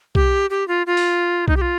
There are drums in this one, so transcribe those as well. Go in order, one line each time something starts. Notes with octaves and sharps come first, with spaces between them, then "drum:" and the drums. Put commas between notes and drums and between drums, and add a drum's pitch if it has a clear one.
G4, drum: kick B1
G4
F4
F4
drum: open hi-hat
D#4, drum: kick B1
G4
F4